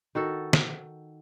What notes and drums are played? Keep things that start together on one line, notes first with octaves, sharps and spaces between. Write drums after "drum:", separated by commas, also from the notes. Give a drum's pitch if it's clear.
D#3 F#4 A4
drum: snare